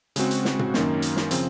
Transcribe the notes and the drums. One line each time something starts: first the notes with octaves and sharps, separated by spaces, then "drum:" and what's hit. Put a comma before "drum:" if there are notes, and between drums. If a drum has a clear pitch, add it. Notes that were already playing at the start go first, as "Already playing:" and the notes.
C#3 G#3 C4 F#4, drum: hi-hat
drum: hi-hat
drum: snare
drum: tom
F#2 D#3 A#3 C#4, drum: snare
drum: hi-hat
drum: snare
C#3 F3 C4, drum: hi-hat